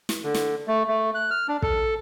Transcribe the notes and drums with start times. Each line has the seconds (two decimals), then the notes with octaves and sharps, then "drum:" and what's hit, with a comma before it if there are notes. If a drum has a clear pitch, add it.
0.09 drum: snare
0.24 D3
0.34 drum: snare
0.68 A3
0.88 A3
1.15 F#6
1.31 F6
1.48 D4
1.62 A4, drum: kick